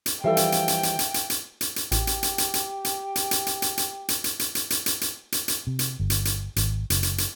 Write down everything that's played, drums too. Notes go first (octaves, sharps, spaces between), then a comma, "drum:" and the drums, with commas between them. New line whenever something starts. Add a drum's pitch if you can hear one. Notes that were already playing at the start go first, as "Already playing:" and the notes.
drum: hi-hat
E3 F3 G3 A4 E5 F5 G5
drum: hi-hat
drum: hi-hat
drum: hi-hat
drum: hi-hat
drum: hi-hat
drum: hi-hat
drum: hi-hat
drum: hi-hat
drum: hi-hat
A1 G4, drum: hi-hat
drum: hi-hat
drum: hi-hat
drum: hi-hat
drum: hi-hat
drum: hi-hat
drum: hi-hat
drum: hi-hat
drum: hi-hat
drum: hi-hat
drum: hi-hat
drum: hi-hat
drum: hi-hat
drum: hi-hat
drum: hi-hat
drum: hi-hat
drum: hi-hat
drum: hi-hat
drum: hi-hat
drum: hi-hat
C3
drum: hi-hat
G1
drum: hi-hat
drum: hi-hat
G#1, drum: hi-hat
F#1, drum: hi-hat
drum: hi-hat
drum: hi-hat